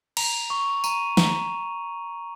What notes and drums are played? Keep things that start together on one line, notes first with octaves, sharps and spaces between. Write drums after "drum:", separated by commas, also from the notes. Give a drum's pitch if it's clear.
A#5 F7, drum: cymbal
C#6
A#5 D#7, drum: tambourine
A#5, drum: snare